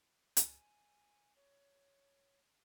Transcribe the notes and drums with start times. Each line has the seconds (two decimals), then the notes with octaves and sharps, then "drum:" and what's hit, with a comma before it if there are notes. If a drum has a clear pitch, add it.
0.37 G#5, drum: hi-hat
1.36 C#5